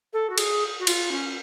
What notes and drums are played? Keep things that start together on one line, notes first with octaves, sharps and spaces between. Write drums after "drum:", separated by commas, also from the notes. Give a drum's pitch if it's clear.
A4
F#4
G#4, drum: cymbal
F#4
F4, drum: cymbal
C#4